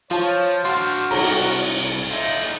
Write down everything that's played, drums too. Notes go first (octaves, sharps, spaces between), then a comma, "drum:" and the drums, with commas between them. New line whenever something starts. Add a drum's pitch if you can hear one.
F3 F4 C#5 A5
D4 F#4 C5 C6 F6
C2 A#5, drum: cymbal
D#4 F4 E5